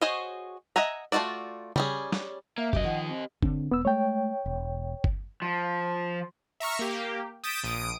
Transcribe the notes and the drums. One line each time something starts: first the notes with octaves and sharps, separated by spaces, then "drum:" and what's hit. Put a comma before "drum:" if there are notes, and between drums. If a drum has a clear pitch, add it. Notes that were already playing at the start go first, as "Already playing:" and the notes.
F#4 G#4 C5 C#5 D#5
D#5 E5 F#5 G#5 A#5
A3 A#3 F4 F#4 D5
G3 C#4 G#4, drum: tom C#3
drum: snare
A#3 E5
B1 F#2 F#3 G4 D#5, drum: kick G1
D#3 F3 F#5
C4
D3 C4 D4, drum: kick G1
E1 B3 E6
G#3 A3 C#5 G5
E1
drum: kick G1
F3
E5 A#5 C#6 F6
A#3 G4
D#6 G6 A6 B6 D7 E7
A#1 D#6 D7